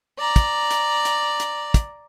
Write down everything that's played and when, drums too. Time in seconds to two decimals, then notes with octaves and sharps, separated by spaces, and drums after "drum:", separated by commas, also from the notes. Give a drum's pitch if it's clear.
0.19 D5 A#5
0.36 drum: kick, hi-hat
0.71 drum: hi-hat
1.05 drum: hi-hat
1.40 drum: hi-hat
1.74 drum: kick, hi-hat